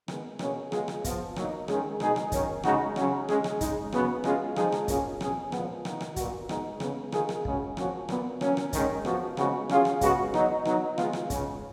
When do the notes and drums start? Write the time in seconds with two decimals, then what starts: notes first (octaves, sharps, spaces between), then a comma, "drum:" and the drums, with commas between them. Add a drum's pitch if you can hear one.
0.08 D#3 G#3 B3, drum: rim click
0.39 B2 A#3 C#4 G#4, drum: rim click
0.72 G#3 B3 F4 G#4, drum: rim click
0.88 drum: rim click
1.04 F3 B3 F4, drum: kick, hi-hat
1.36 F#3 A#3 D#4, drum: rim click
1.68 D#3 G#3 C#4 G#4, drum: rim click
2.00 B2 G#3 D#4 G#4, drum: rim click
2.16 drum: rim click
2.32 D#3 F#3 C#4, drum: kick, hi-hat
2.63 C#3 G#3 D#4 F#4, drum: rim click
2.96 C#3 F#3 C#4, drum: rim click
3.29 G#3 C#4 G#4, drum: rim click
3.44 drum: rim click
3.61 C#3 G#3 D#4, drum: kick, hi-hat
3.92 C#3 F#3 B3 F#4, drum: rim click
4.24 G#3 C#4 F4 G#4, drum: rim click
4.56 F3 G#3 D#4 G#4, drum: rim click
4.72 drum: rim click
4.88 B2 A#3 C#4 F4 G#4, drum: kick, hi-hat
5.21 B2 F#3 C#4 G#4, drum: rim click
5.52 A#2 F3 G#3 B3, drum: rim click
5.85 D#3 A#3 D#4, drum: rim click
6.01 drum: rim click
6.16 A#2 F#3 B3 F#4, drum: kick, hi-hat
6.49 G#3 B3 D#4, drum: rim click
6.80 C#3 G#3 B3, drum: rim click
7.12 D#3 A#3 F4 G#4, drum: rim click
7.29 drum: rim click
7.45 C#3 G#3 C#4 F#4, drum: kick
7.77 F3 A#3 C#4 F#4, drum: rim click
8.09 A#2 F#3 B3, drum: rim click
8.41 F#3 A#3 C#4, drum: rim click
8.57 drum: rim click
8.73 D#3 G#3 C#4, drum: kick, hi-hat
9.05 F3 B3 F#4, drum: rim click
9.37 C#3 F3 G#3 B3 F#4, drum: rim click
9.69 F#3 C#4 F4 G#4, drum: rim click
9.85 drum: rim click
10.01 C#3 G#3 B3 F#4, drum: kick, hi-hat
10.34 F#3 B3 D#4, drum: rim click
10.65 F#3 B3 D#4, drum: rim click
10.98 G#3 B3 F4, drum: rim click
11.13 drum: rim click
11.30 C#3 G#3 C#4, drum: kick, hi-hat